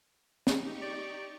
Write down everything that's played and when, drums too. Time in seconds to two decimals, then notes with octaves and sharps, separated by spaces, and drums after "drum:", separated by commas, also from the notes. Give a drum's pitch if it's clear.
0.47 D#4 G4 C#6, drum: snare
0.82 D5